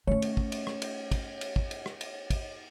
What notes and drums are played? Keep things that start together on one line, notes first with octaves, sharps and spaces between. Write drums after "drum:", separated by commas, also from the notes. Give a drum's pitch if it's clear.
A3 C#4 C#5
drum: cymbal
drum: kick
drum: cymbal
drum: rim click
drum: cymbal
drum: kick, cymbal
drum: cymbal
drum: kick
drum: cymbal
drum: rim click
drum: cymbal
drum: kick, cymbal